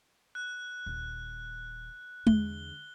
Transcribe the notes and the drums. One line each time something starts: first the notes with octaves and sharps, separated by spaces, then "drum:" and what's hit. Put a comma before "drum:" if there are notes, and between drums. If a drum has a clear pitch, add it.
F#6
D#1
E2 D3 G7, drum: tom G#3